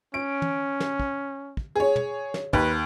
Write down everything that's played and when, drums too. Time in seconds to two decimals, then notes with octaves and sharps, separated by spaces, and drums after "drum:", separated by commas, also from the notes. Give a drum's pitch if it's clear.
0.14 C#4 D7
0.42 drum: tom
0.80 drum: snare
1.00 drum: kick
1.57 drum: kick
1.75 G#4 C#5
1.96 drum: tom
2.34 drum: snare
2.53 D#2 B4, drum: kick